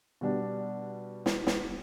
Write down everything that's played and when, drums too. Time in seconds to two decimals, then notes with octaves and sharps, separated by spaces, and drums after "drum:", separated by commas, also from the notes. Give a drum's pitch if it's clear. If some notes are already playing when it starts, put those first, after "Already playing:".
0.21 B2 G3 D4
1.26 drum: snare
1.47 drum: snare